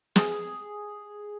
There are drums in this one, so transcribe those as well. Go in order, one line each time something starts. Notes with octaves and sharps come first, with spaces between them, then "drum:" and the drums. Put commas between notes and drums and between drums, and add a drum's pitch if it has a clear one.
G#4, drum: snare